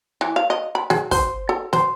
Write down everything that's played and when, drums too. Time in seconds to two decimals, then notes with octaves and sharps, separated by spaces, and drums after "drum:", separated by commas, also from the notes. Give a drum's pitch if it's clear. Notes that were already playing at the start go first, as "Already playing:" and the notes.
0.21 E3
0.36 F5
0.50 D#5
0.75 B5
0.90 G#4, drum: snare
1.11 C5, drum: kick, open hi-hat
1.49 A4
1.73 C5, drum: snare